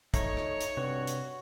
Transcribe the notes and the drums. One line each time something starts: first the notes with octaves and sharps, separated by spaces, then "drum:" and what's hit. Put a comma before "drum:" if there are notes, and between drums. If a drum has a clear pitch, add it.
A3 D#4 C#5, drum: kick, hi-hat
drum: rim click
drum: hi-hat
G2 C3 F#4
drum: hi-hat